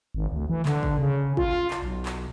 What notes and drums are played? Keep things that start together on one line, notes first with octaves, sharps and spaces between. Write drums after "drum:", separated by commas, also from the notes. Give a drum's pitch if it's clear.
G#1
D2
E3
D3, drum: clap
drum: kick G#1
C#3
F4, drum: kick G#1
drum: clap
B1
drum: clap